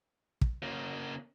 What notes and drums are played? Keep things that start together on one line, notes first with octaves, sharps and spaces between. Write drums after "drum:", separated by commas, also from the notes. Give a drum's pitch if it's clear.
drum: kick
C#3 A#3